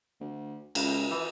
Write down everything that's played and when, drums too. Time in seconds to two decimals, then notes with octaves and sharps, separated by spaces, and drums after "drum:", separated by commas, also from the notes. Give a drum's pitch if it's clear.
0.20 D2
0.75 C#2, drum: cymbal
1.11 E3